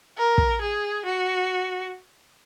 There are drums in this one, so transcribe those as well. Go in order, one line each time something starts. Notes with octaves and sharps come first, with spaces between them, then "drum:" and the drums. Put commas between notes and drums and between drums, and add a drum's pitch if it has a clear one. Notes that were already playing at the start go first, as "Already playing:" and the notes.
A#4
drum: kick
G#4
F#4